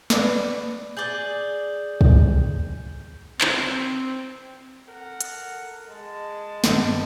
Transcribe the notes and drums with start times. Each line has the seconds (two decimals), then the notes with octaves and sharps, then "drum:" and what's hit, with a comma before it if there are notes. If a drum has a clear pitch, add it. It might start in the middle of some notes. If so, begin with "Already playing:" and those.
0.10 B4 D5 D6, drum: snare
0.97 G#4 D5 G6 F#7 G7
2.01 drum: kick
3.41 C4, drum: clap
4.88 A4 A#4 F#5
5.21 drum: hi-hat
5.89 G#3 A5
6.64 G2 D#3 B3, drum: snare